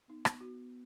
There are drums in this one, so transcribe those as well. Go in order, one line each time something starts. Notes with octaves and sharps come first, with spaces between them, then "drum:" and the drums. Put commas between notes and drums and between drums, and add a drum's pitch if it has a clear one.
B3 D#4
drum: rim click
F#4